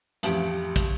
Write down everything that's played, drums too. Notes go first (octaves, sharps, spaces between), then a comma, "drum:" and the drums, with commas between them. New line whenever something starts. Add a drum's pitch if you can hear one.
A1 F2 G4 D7, drum: hi-hat
drum: kick, hi-hat